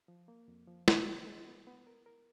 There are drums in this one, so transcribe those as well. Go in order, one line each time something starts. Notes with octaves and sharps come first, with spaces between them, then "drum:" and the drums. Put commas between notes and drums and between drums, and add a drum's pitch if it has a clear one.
F3
A#3
F2
F3
D4, drum: snare
G#3
G#3
B3
B3
A#4
A#4